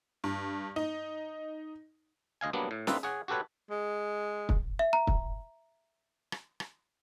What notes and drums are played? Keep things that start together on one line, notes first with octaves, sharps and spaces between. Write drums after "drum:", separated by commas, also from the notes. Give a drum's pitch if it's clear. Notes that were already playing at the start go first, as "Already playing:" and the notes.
G2
D#4
D2 D#5 F5 G#5
F#3 G3 A#3 B3 D4
A2
A#3 C4 D#4 F4 B4 E5, drum: snare
G#4 C#5 F#5
F#4 G4 A4 B4 C#5
G#3
drum: kick
E5
A#5
drum: kick
drum: rim click
drum: rim click